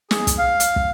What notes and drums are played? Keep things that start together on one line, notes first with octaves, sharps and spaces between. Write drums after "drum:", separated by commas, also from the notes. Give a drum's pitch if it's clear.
G#4, drum: snare
drum: kick, hi-hat
F5
drum: hi-hat
drum: kick